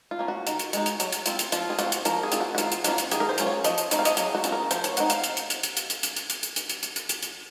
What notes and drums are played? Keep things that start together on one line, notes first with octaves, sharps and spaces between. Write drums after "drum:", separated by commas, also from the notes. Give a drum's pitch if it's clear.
F4
A#3 C#4
F#4
D#3, drum: hi-hat
drum: hi-hat
G#3 D#4, drum: hi-hat
drum: hi-hat
F#3, drum: hi-hat
drum: hi-hat
C4 F4, drum: hi-hat
drum: hi-hat
F3 F4, drum: hi-hat
G#4
C4 F4 F#4, drum: hi-hat
drum: hi-hat
F3 A#4, drum: hi-hat
G#4
C4 F4, drum: hi-hat
F#4
F#4
D#3 F4, drum: hi-hat
drum: hi-hat
A#3 C#4 F4 F#4, drum: hi-hat
drum: hi-hat
D#3 G#4, drum: hi-hat
A#4
C5
F#3 C#4 F4, drum: hi-hat
C#5
F3 D#5, drum: hi-hat
drum: hi-hat
C4 D#4 D#5, drum: hi-hat
F5
D#5, drum: hi-hat
F#3 G#4, drum: hi-hat
F#4
C#4 F4, drum: hi-hat
A#4
F3 C5, drum: hi-hat
C#5, drum: hi-hat
C4 D#4 F#5, drum: hi-hat
F5, drum: hi-hat
drum: hi-hat
drum: hi-hat
drum: hi-hat
drum: hi-hat
drum: hi-hat
drum: hi-hat
drum: hi-hat
drum: hi-hat
drum: hi-hat
drum: hi-hat
drum: hi-hat
drum: hi-hat
drum: hi-hat
drum: hi-hat
drum: hi-hat
drum: hi-hat